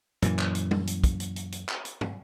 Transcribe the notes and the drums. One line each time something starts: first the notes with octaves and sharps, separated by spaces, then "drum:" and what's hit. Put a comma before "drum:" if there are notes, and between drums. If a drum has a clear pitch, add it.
F#2 A#2 E3, drum: hi-hat
drum: clap
drum: hi-hat
drum: tom G3
drum: hi-hat
drum: kick, hi-hat
drum: hi-hat
drum: hi-hat
drum: hi-hat
drum: clap
drum: hi-hat
drum: tom